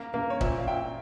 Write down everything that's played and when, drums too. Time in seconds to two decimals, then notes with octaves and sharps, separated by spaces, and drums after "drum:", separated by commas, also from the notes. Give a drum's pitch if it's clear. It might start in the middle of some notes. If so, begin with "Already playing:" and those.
Already playing: A#3
0.14 A#3
0.30 C#5
0.41 A#2 C5 E5, drum: kick
0.58 F5
0.68 A#2 E5 G5